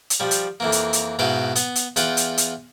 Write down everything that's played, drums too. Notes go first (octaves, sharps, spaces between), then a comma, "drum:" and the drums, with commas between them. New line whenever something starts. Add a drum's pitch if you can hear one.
drum: hi-hat
F3 G3
drum: hi-hat
F2 E3 A#3
drum: hi-hat
drum: hi-hat
G#2 B2 E4 B4 F5 G5
B3, drum: hi-hat
drum: hi-hat
E2 F4 B4 F#5 G5, drum: hi-hat
drum: hi-hat
drum: hi-hat